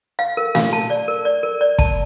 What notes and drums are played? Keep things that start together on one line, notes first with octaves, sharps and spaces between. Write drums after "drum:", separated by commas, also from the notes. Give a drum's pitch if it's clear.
F5
A#4
F5, drum: snare A3
A5
D5
A#4
D5
A#4
D5
A5, drum: kick